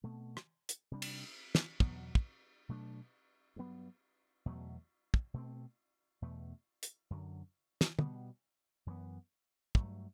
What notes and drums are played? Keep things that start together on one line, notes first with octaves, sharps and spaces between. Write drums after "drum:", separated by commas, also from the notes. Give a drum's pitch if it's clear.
B2 A3 C4
drum: rim click
drum: hi-hat
C3 G3 D4
drum: cymbal
drum: snare
E2 B2 F#3 B3, drum: kick
drum: kick
B2 F#3 A3 D4
G2 F#3 B3
E2 B2 F#3 A3
drum: kick
B2 A3 C4
E2 B2 A3
drum: hi-hat
F#2 D3 F#3
drum: snare
B2 G3 B3, drum: tom
F#2 E3 B3
G2 F#3 A3, drum: kick